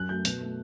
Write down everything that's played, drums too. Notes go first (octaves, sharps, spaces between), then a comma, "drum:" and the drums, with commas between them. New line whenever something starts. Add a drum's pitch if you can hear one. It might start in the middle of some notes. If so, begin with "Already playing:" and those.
Already playing: F#2 F#6
F#3 A3 G6
B2, drum: hi-hat
A3